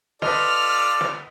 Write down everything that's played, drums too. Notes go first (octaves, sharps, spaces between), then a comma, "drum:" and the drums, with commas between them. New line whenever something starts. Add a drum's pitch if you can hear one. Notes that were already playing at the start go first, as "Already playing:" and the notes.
F4 A4 B4 D5 D#5 F6, drum: snare
drum: snare